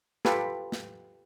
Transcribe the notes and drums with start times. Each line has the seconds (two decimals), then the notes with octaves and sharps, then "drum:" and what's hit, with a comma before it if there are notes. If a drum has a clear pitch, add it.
0.25 F4 G4 A4 B4, drum: snare
0.72 drum: snare